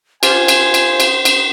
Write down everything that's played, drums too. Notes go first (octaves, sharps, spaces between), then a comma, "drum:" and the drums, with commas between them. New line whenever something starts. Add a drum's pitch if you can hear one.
F4 G4 C5 G#5, drum: cymbal
drum: cymbal
drum: cymbal
drum: cymbal
drum: cymbal